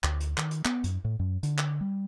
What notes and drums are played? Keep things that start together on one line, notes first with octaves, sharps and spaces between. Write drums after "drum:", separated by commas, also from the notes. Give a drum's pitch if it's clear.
D2, drum: clap
drum: hi-hat
D#3, drum: clap
drum: hi-hat
B3, drum: clap
F#2, drum: hi-hat
A2
F#2
D3, drum: hi-hat
drum: clap
G3